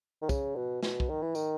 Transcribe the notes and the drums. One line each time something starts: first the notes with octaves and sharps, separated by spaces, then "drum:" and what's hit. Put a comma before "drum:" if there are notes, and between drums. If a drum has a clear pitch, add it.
D#3
C#3, drum: kick, tambourine
B2
B2, drum: snare
drum: kick
D#3
E3
D#3, drum: tambourine